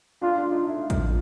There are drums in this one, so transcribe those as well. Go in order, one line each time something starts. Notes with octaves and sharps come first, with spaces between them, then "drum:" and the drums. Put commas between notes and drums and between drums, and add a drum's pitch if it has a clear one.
D4 F4
D4
D#4
E4
F4
F4, drum: kick, hi-hat